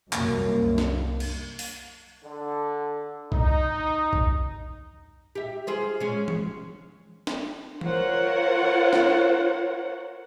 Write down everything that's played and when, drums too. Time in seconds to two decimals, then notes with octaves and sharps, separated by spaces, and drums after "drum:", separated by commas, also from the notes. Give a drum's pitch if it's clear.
0.13 C2 F#2 A#3, drum: clap
0.78 drum: snare
1.20 drum: cymbal
1.59 drum: open hi-hat
2.24 D3
3.32 D#4, drum: kick
4.13 drum: kick
5.35 G4 E5
5.67 F4 G#4 C5
6.00 G#3 C#4
6.28 drum: tom
7.27 drum: snare
7.81 F4 A#4 C5 C#5 F#5, drum: tom
8.93 drum: snare